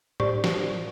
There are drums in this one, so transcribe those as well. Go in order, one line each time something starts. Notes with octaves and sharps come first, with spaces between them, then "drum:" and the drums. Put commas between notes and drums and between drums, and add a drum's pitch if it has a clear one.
G4 C5 D5 C#6, drum: tom
drum: snare F#4